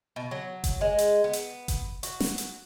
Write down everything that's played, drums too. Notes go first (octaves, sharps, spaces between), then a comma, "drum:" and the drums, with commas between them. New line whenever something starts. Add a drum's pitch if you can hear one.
B2
F#3
drum: kick F#1, hi-hat
G#3
drum: hi-hat
B3
drum: hi-hat
drum: kick F#1, hi-hat
F#4, drum: hi-hat
drum: snare
drum: hi-hat